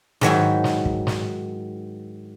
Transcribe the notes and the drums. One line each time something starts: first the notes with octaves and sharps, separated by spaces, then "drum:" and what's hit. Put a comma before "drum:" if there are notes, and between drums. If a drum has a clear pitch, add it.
G#2 D#3 F#3 E4, drum: snare
drum: snare
drum: kick
drum: snare